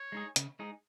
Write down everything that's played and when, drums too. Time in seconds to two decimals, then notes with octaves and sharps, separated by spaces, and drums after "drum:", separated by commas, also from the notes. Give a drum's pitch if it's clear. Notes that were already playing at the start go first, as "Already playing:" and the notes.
Already playing: C#5
0.12 G#3 D#4 G#4
0.36 C#3, drum: hi-hat
0.59 G#3 D#4 G#4